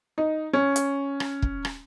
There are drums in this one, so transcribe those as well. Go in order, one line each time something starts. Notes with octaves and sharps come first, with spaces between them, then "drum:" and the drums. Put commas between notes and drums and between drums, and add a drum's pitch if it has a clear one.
D#4
C#4
drum: hi-hat
drum: rim click
drum: kick
drum: rim click